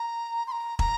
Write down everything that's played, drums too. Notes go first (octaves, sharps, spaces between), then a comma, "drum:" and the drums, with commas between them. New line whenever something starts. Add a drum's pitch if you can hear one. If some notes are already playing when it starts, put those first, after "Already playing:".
Already playing: A#5
C6
A#5
A#5, drum: kick